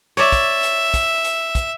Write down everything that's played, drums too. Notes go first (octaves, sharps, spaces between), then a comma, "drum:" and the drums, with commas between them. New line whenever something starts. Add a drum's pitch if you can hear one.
C#5 D5 E5
drum: kick, hi-hat
drum: hi-hat
drum: kick, hi-hat
drum: hi-hat
drum: kick, hi-hat